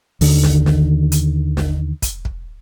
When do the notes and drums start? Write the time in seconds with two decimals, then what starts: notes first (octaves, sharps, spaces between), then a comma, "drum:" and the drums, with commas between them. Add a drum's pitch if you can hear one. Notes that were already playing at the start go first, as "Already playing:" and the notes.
0.21 D#2 D3 D#3, drum: open hi-hat
0.44 drum: snare
0.66 drum: snare
1.12 drum: hi-hat
1.57 drum: snare
2.02 drum: kick, hi-hat
2.25 drum: kick